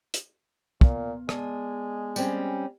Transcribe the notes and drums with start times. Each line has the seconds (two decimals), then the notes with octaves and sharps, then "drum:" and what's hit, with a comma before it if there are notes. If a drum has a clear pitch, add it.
0.14 drum: hi-hat
0.81 A#2 B3, drum: kick
1.29 G#3 B3 D5 A5, drum: rim click
2.16 G3 C4 C#4, drum: tambourine